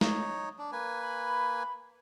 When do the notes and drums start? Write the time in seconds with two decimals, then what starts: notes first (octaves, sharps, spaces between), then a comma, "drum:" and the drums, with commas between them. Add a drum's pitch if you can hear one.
0.01 D#4 C#5, drum: snare
0.59 D4
0.72 A#3 B4 G#5
1.01 B5